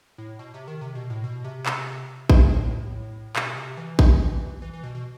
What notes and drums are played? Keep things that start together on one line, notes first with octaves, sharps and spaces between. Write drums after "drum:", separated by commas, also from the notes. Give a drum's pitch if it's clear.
A2
B2
C3
D#3
C3
B2
A2
B2
C3
C3, drum: clap
G2, drum: kick A1
A2
B2, drum: clap
C3
E3
drum: kick A1
E3
E3
B2
B2